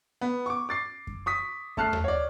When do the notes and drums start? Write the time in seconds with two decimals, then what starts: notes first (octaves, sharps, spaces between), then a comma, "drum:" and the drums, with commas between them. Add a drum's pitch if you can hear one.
0.21 B3
0.46 C#6 D6
0.69 D6 A6 C7
1.07 drum: kick F#2
1.26 C#6 D#6 B6
1.77 A3 A5 F6 F#6 C7, drum: kick F#2
1.93 drum: tom D#2
2.04 C#5 D5